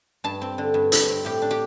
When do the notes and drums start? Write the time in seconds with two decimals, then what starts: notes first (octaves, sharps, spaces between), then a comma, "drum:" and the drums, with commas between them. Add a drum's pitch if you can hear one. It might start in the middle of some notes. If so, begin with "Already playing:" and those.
0.24 G2 A5
0.41 C4
0.58 D3
0.74 G2
0.92 G2, drum: hi-hat
1.09 C4
1.25 A2 G4
1.42 D4
1.51 G4